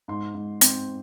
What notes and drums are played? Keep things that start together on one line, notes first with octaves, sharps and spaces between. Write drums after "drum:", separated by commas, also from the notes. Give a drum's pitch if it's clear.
G#2 C6
G#2
C4, drum: hi-hat